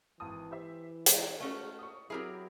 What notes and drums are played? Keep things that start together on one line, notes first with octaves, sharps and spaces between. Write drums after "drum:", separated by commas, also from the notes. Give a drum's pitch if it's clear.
G#1 E3 A5 D#6
G4 C5 E5
G#3, drum: hi-hat
A3 C#4 F#4
C#6 D#6
F#3 C4 E4 G4 G#4 A#4